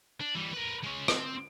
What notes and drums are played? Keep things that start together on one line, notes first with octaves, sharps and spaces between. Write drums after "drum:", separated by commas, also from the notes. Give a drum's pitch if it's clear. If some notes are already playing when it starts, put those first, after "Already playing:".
D4
E3 G3
A#4 B4
G#3 C#4
C4, drum: rim click